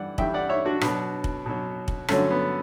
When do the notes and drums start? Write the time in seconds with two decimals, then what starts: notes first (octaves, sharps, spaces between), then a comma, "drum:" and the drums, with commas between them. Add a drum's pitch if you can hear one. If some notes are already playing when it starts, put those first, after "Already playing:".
Already playing: G2 E3 G3 D5 F#5
0.18 G2 E3 G3 E5 G5, drum: kick
0.34 D5 F#5
0.49 C#5 E5
0.65 D4 F#4
0.81 B2 F#3 B3 D4, drum: rim click
1.24 drum: kick
1.46 B2 F#3
1.88 drum: kick
2.08 G2 D3 F#3 A3 C#4, drum: rim click
2.31 B3